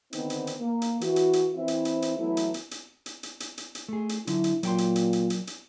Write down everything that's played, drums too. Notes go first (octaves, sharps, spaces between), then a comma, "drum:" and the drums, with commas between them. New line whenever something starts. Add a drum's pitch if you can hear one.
D3 D#3 B3 C4 D#4, drum: hi-hat
drum: hi-hat
drum: hi-hat
A#3
drum: hi-hat
E3 F#4, drum: hi-hat
drum: hi-hat
drum: hi-hat
E3 C4 E4
drum: hi-hat
drum: hi-hat
drum: hi-hat
E3 F#3 A3 B3 E4
drum: hi-hat
drum: hi-hat
drum: hi-hat
drum: hi-hat
drum: hi-hat
drum: hi-hat
drum: hi-hat
drum: hi-hat
A3 G#4
drum: hi-hat
D3 F#3 E4, drum: hi-hat
drum: hi-hat
A#2 F#3 G5 C6, drum: hi-hat
drum: hi-hat
drum: hi-hat
drum: hi-hat
drum: hi-hat
drum: hi-hat